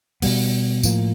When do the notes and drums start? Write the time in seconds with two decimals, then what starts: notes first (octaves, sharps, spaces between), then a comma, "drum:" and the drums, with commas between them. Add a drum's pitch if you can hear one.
0.22 B2 G3 B3, drum: open hi-hat
0.83 A2 F3 A#3, drum: tambourine